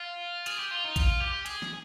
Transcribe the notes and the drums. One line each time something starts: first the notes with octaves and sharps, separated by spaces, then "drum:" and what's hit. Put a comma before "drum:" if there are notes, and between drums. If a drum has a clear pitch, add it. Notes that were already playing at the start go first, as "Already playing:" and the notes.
Already playing: F4
G#4, drum: hi-hat
G4
F4
D#4
F4, drum: kick A1, hi-hat
G4
G#4, drum: hi-hat
drum: snare